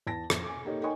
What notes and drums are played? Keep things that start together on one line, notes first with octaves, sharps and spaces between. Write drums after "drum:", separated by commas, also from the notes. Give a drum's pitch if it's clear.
E2 A5 A#6
F2, drum: rim click
G#5 D6
A#3 D#4 G4 A4 C#5
D#4 A#4 C#5 G5 G#5 C#6